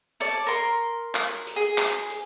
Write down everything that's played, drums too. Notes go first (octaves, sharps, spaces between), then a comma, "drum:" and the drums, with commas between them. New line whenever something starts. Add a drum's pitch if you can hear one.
C#5 D5 A5, drum: hi-hat
A#4 C6
drum: clap
drum: hi-hat
G#4
drum: clap
drum: hi-hat